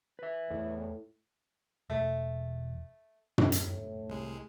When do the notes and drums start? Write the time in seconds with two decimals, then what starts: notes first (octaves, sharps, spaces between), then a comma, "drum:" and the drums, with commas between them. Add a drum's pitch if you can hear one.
0.19 B4 E5
0.50 E2 A2
1.90 E1 A3
3.38 drum: tom
3.52 A2, drum: hi-hat
4.09 C2 G#3